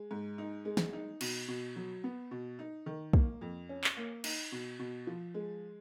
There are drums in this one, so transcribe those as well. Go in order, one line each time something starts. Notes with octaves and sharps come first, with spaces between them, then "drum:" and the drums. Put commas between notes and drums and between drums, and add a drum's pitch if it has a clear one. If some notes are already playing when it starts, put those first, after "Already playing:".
Already playing: G#3
G#2
D#4
G#3
drum: snare
D#4
B2, drum: cymbal
B2
F#3
B3
B2
D#4
D#3
A#3, drum: kick
F2
C#4
drum: clap
A#3
D#4, drum: cymbal
B2
B2
F3
G#3